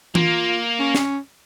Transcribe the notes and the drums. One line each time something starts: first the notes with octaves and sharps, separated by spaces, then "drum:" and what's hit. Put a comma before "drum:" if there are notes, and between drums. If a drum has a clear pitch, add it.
A#3 F4, drum: tom
C#4
drum: snare